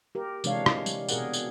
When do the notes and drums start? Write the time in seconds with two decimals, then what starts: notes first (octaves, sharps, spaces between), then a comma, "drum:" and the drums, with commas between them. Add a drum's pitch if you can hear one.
0.15 G4 A#4
0.44 C3 E3 G#3 D4 C#5 F5, drum: tambourine
0.66 drum: rim click
0.86 G3, drum: tambourine
1.09 B2 G#4 A#4 F#5, drum: tambourine
1.33 drum: tambourine